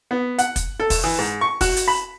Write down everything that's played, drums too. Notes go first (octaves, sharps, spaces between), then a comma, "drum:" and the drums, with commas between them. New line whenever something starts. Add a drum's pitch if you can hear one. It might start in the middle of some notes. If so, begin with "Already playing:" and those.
B3
F#5, drum: hi-hat
drum: kick, hi-hat
A4
drum: kick, open hi-hat
E3
G#2
C#6
F#4, drum: kick, open hi-hat
drum: hi-hat
B5